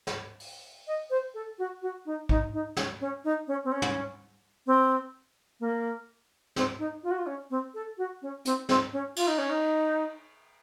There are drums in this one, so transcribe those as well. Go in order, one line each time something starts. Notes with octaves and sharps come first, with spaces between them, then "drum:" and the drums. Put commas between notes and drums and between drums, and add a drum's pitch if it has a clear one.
drum: snare
drum: open hi-hat
D#5
C5
A4
F#4
F#4
D#4
D#4, drum: kick
D#4
C#4, drum: snare
C#4
D#4
C#4
C4
C#4
drum: tom
C4
A#3
C4, drum: snare
D#4
F4
F#4
F4
C#4
C4
A4
F#4
C#4
C4, drum: hi-hat
C4, drum: snare
C#4
F4, drum: cymbal
D#4
C#4
D#4